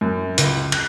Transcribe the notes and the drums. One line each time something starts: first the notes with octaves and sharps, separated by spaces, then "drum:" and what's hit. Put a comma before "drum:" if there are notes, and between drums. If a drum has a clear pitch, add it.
F#2
C#2, drum: hi-hat
F#6, drum: cymbal